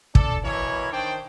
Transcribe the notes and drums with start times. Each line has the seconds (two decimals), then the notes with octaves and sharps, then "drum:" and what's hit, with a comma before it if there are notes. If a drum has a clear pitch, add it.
0.15 D4 A4, drum: kick
0.44 B2 E3 E4 A#4 C#5
0.92 D#3 D4 C5 D5 G5